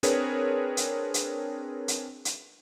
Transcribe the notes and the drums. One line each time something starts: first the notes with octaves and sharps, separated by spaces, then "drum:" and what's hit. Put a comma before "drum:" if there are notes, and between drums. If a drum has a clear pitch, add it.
C4 D4 G#4 A#4 B4 C#5, drum: hi-hat
drum: hi-hat
drum: hi-hat
drum: hi-hat
drum: hi-hat